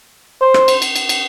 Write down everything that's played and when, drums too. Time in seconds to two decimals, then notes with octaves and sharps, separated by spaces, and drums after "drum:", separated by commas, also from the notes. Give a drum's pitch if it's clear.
0.41 C5
0.54 drum: rim click
0.68 drum: cymbal
0.82 drum: cymbal
0.96 drum: cymbal
1.09 drum: cymbal